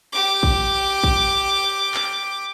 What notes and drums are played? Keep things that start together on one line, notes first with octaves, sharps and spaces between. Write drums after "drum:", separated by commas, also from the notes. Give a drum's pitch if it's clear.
G4 D6
drum: kick
drum: kick
drum: clap